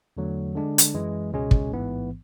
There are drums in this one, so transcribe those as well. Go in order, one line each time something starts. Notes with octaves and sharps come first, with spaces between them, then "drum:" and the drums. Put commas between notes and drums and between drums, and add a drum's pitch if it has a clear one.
E2 D3 F#3 A3
D3 G#3 D4
drum: hi-hat
F#2 E3 G#3
C#2 B2 G#3 C#4 G#4
drum: kick
A1 G#2 E3 B3